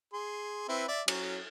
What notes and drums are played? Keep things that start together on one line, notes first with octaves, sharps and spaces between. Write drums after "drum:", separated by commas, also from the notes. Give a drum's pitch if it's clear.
G#4 C6
C4 E4 B4
D5 E5
F#3 C#4, drum: cymbal